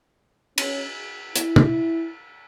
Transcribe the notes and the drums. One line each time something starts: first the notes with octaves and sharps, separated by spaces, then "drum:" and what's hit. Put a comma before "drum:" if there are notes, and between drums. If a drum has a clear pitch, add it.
C#4, drum: cymbal
E4, drum: hi-hat
drum: tom